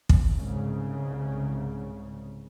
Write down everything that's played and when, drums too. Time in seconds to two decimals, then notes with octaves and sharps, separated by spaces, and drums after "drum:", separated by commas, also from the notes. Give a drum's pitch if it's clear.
0.09 drum: kick
0.33 C2 G#2 C#3